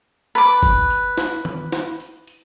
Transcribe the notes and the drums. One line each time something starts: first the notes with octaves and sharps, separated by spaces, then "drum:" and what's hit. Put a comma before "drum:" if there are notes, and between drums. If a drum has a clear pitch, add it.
B4 D6, drum: tambourine
drum: kick, tambourine
drum: tambourine
drum: snare E4
drum: tom D#3
drum: snare E4
drum: tambourine
drum: tambourine